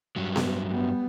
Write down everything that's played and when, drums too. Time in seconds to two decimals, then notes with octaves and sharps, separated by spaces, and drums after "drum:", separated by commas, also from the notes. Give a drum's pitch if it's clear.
0.16 G2 F#3
0.36 drum: snare B3
0.67 G3 B3